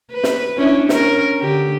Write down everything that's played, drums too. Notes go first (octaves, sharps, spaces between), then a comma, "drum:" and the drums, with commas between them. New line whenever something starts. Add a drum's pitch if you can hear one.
B4
drum: snare
C#4 D4 E4
C#4 A#4, drum: snare
D3 G4